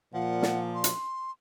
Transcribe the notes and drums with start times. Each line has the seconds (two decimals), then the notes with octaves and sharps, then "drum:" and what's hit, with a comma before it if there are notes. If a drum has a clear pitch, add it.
0.14 A#2 F3 F#5
0.42 drum: snare
0.75 C6
0.84 drum: hi-hat